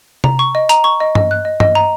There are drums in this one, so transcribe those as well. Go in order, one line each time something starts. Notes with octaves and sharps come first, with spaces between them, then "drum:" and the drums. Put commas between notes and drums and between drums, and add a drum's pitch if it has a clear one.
A#5, drum: tom C3
C#6
D#5
A#5, drum: hi-hat
C#6
D#5
D#5, drum: tom G2
F#6
D#5
D#5, drum: tom G2
A#5